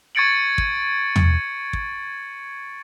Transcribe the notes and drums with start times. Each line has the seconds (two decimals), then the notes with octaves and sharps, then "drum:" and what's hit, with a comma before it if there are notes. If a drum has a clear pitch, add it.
0.15 C#6 G#6 A6 C#7 D7 F#7
0.58 drum: kick
1.16 drum: tom
1.73 drum: kick